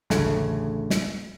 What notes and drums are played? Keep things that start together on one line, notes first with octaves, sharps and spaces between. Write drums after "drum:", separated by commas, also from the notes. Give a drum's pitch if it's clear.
A1 D2 C#3 A3 G#5, drum: snare
drum: snare